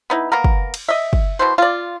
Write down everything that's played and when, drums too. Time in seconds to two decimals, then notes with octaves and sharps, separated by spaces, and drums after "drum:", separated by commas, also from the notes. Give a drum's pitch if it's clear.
0.10 B3 D#4 E4
0.32 A#3 B3 A#4
0.44 drum: kick
0.74 drum: cymbal
0.88 D#5 E5
1.13 drum: kick
1.39 B2 E3 C5
1.58 F4 D5